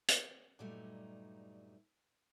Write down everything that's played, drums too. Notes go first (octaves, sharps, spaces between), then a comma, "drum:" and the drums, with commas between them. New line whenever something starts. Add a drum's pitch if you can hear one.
drum: hi-hat
G2 A#2 F#3 G3 A3 D#4